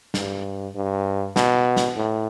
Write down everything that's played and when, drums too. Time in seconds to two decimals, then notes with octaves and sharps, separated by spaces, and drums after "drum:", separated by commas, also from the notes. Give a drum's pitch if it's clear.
0.14 G2, drum: snare
0.75 G2
1.36 B2, drum: snare
1.77 drum: snare
1.97 A2